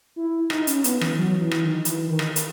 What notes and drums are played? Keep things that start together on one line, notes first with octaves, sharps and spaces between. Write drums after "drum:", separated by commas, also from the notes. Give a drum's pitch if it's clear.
E4
D#4, drum: rim click
C#4, drum: hi-hat
B3, drum: hi-hat
E3, drum: rim click
F#3
E3
drum: rim click
D#3
E3, drum: hi-hat
D#3
drum: rim click
drum: hi-hat